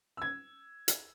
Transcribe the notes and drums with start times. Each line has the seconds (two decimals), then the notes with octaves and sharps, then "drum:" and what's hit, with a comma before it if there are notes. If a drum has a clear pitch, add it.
0.17 E6 G#6
0.88 drum: hi-hat